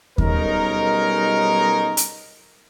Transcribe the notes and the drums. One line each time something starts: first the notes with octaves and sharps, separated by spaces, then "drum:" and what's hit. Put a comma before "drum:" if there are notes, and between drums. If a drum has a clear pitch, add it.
B1 G3 G#3 C#4 D#4 A#4, drum: kick D#2
drum: hi-hat